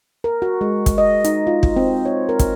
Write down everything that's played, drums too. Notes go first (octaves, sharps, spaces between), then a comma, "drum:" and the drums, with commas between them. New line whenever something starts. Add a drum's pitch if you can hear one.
A#4
F#4
G#3
drum: kick, hi-hat
D#5
D#4, drum: hi-hat
F4
drum: kick
C4
C#5
A#4
drum: kick, hi-hat